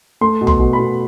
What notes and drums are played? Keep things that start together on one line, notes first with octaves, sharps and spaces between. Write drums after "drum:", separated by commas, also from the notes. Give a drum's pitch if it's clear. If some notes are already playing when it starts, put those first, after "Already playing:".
A3 C6
B2
C6, drum: tom B1
B2
B5
B2